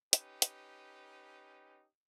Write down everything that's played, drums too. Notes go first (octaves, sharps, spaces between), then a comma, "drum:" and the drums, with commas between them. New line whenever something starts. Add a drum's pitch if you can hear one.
C#4 D#4 G4 B4, drum: hi-hat
drum: hi-hat